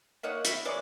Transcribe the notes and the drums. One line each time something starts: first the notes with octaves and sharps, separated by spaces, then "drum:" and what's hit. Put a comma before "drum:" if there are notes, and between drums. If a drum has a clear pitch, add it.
A#3 D#4 C#5 F#5
E4, drum: hi-hat
E3 G#3 C#5 D5